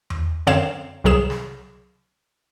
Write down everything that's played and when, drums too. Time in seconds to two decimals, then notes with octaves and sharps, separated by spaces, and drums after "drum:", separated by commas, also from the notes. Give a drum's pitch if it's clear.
0.10 drum: tom E2
0.47 F#2 D3 C4 C#5 F5 E7
1.04 C2 C3 F#3 G#4 E7
1.30 drum: snare